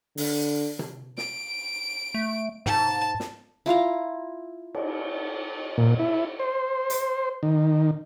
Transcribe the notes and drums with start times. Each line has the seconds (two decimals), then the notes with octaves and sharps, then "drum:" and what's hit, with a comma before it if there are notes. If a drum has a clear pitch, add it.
0.17 D3, drum: open hi-hat
0.79 drum: tom C3
1.18 D7, drum: snare
2.14 A3
2.66 G#2 A5, drum: tom C3
3.20 drum: snare
3.66 E4 F4 F5 A#5
4.74 drum: cymbal
5.78 A#2
5.99 E4
6.39 C5
6.90 drum: hi-hat
7.43 D#3